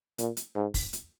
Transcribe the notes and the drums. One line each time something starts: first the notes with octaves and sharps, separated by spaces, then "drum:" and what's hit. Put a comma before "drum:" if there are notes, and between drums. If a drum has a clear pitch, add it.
A#2, drum: hi-hat
drum: hi-hat
G#2
drum: kick, open hi-hat
drum: hi-hat